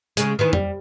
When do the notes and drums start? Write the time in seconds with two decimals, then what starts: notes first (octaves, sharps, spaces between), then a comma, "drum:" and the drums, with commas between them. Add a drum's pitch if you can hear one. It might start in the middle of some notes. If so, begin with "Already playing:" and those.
0.17 C#3 G#3, drum: hi-hat
0.39 D#3 E3 B3
0.53 G3, drum: tom F2